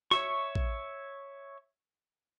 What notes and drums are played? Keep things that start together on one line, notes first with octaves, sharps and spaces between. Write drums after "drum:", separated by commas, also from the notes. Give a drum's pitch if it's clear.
C#5 E5 C#6, drum: snare
drum: kick